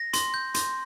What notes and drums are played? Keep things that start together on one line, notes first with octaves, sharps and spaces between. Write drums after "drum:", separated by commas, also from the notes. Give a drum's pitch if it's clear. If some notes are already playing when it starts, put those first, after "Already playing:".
Already playing: A#6
C6, drum: hi-hat
G6
C6, drum: hi-hat